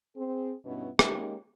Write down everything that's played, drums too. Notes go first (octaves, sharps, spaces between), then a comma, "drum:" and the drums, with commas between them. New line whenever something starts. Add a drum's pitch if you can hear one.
C4 G#4
G2 B2 B3 C#4 D#4 E4
G#3 A#3 C#4 D#4 G4, drum: rim click